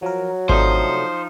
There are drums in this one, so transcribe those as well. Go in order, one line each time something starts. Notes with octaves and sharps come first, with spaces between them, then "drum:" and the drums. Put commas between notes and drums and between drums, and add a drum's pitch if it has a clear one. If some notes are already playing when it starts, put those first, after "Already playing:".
F3 F#3 A#4
C3 F3 A3 D4 D#4 C5, drum: kick G#1